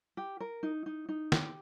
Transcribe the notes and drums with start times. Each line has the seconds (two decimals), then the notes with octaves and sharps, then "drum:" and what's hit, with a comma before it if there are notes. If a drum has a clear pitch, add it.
0.17 G4
0.40 A#4
0.63 D#4
0.86 D#4
1.09 D#4
1.32 G4, drum: snare